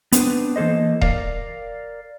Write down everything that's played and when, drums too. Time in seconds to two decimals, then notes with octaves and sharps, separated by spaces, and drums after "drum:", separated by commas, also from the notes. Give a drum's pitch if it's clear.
0.12 B3 C4 D4 B4, drum: hi-hat
0.56 E3 A#3 A4 C5 D#5
1.01 A#4 D5 F5, drum: kick D#1